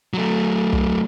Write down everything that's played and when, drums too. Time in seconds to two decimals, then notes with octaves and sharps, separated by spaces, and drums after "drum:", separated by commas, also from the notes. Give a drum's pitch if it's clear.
0.14 F#3 A3
0.73 drum: kick